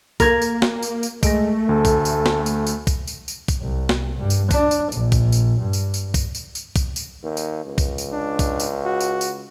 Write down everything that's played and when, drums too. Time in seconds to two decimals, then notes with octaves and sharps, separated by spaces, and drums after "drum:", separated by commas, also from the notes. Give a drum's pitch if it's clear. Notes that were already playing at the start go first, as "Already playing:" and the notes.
0.20 A#3 A#4 G#6, drum: kick, tambourine
0.42 drum: tambourine
0.62 drum: snare
0.83 drum: tambourine
1.03 drum: tambourine
1.23 G#3 A3 A#6 D7, drum: kick, tambourine
1.69 D2 A4
1.85 drum: kick, tambourine
2.05 drum: tambourine
2.26 drum: snare
2.46 drum: tambourine
2.67 drum: tambourine
2.87 drum: kick, tambourine
3.07 drum: tambourine
3.28 drum: tambourine
3.48 drum: kick, tambourine
3.61 C2
3.89 drum: snare
4.19 G2
4.30 drum: tambourine
4.51 D4, drum: kick, tambourine
4.71 drum: tambourine
4.92 A#1, drum: tambourine
5.12 drum: kick, tambourine
5.32 drum: tambourine
5.59 G2
5.73 drum: tambourine
5.94 drum: tambourine
6.14 drum: kick, tambourine
6.35 drum: tambourine
6.55 drum: tambourine
6.76 drum: kick, tambourine
6.96 drum: tambourine
7.23 D#2
7.37 drum: tambourine
7.65 C#2
7.78 drum: kick, tambourine
7.98 drum: tambourine
8.13 D4
8.39 drum: kick, tambourine
8.60 drum: tambourine
8.85 F#4
9.01 drum: tambourine
9.21 drum: tambourine